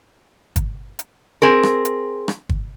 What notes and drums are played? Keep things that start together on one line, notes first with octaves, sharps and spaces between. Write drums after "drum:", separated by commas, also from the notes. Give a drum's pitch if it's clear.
drum: kick, hi-hat
drum: hi-hat
C4 G#4 A#4
drum: rim click
drum: hi-hat
drum: rim click
drum: kick